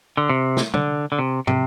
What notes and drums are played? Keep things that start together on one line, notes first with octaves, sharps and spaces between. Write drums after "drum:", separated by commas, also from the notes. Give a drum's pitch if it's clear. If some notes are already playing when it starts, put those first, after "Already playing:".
D3
C3
drum: snare
D3, drum: tom
D3
C3
C3, drum: tom